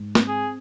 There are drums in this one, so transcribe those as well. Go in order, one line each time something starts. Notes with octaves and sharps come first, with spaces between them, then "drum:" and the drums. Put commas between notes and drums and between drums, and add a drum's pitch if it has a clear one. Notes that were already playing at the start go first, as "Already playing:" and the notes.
Already playing: G#2
C4, drum: snare
G#4